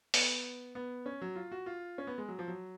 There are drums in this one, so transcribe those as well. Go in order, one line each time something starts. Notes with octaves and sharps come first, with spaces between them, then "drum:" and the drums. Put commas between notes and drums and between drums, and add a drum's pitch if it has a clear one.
B3, drum: open hi-hat
B3
C#4
F#3
F4
F#4
F4
C#4
B3
G#3
F#3
F3
F#3